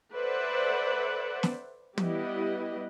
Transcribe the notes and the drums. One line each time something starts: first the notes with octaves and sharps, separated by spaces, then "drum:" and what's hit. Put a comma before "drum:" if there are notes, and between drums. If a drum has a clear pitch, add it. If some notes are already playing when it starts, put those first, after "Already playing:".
A4 B4 C5 D5 E5 F#5
drum: snare
G3 B3 E4 G4 B4 D#5, drum: tom